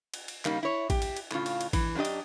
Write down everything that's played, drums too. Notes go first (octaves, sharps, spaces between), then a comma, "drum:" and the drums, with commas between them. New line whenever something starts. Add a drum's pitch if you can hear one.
drum: cymbal
drum: cymbal
C#3 G3 A#3 D#4, drum: clap
E4 C#5
G4, drum: kick A1, cymbal
drum: cymbal
drum: cymbal
A2 C#3 F4, drum: clap
drum: cymbal
drum: cymbal
E3, drum: kick A1, cymbal
F#2 A#3 D4 G4 D#5
drum: cymbal